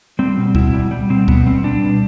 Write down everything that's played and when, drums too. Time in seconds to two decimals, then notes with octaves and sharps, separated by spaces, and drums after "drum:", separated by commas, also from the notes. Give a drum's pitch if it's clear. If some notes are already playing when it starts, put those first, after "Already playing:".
0.19 G3 C4
0.38 B2
0.55 B2 E4, drum: kick C#2
0.73 G3
0.91 G3
1.10 B2 C4
1.28 B2 B3, drum: kick C#2
1.46 G3 C4
1.64 G3 D4
1.83 B2